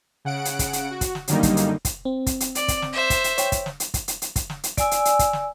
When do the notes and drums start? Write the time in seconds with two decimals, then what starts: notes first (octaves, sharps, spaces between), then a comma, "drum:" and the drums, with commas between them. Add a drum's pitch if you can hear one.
0.25 C#3 F#5 D7
0.45 drum: hi-hat
0.59 drum: kick, hi-hat
0.73 drum: hi-hat
0.90 F#4
1.01 drum: kick, hi-hat
1.15 drum: snare
1.28 F#2 D3 D#3 G3 A#3 D#4, drum: hi-hat
1.43 drum: kick, hi-hat
1.57 drum: hi-hat
1.85 drum: kick, hi-hat
2.05 C4
2.26 drum: kick, hi-hat
2.40 drum: hi-hat
2.55 D5, drum: hi-hat
2.68 drum: kick, hi-hat
2.82 drum: snare
2.93 C5 E5
3.10 drum: kick, hi-hat
3.24 drum: hi-hat
3.38 C#5 G5, drum: hi-hat
3.52 drum: kick, hi-hat
3.66 drum: snare
3.80 drum: hi-hat
3.94 drum: kick, hi-hat
4.08 drum: hi-hat
4.22 drum: hi-hat
4.36 drum: kick, hi-hat
4.50 drum: snare
4.63 drum: hi-hat
4.77 D5 G#5 E6, drum: kick, hi-hat
4.91 drum: hi-hat
5.05 drum: hi-hat
5.19 drum: kick, hi-hat
5.33 drum: snare